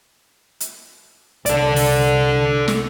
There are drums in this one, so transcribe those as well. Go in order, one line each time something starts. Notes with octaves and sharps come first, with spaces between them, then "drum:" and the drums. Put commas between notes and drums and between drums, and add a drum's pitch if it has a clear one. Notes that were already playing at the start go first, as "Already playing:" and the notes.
drum: hi-hat
C2 A4 D5, drum: hi-hat
drum: open hi-hat
drum: snare